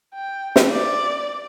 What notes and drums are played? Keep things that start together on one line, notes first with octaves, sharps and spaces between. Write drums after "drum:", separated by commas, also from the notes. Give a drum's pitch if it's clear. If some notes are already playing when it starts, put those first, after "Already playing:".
G5
drum: snare
D5